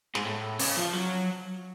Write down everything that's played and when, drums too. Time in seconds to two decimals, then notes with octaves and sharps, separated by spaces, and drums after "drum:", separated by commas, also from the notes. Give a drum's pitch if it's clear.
0.15 G#2, drum: snare
0.25 A2
0.59 C#3, drum: open hi-hat
0.76 F3
0.93 F#3